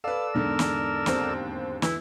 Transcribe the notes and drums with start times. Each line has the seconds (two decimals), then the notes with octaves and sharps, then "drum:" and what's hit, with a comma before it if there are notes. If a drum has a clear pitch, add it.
0.04 A4 B4 D5 F5 E6
0.34 E2 G#2 D3 A#4
0.59 drum: snare
1.06 D#2 C4, drum: snare
1.82 E3 E4, drum: snare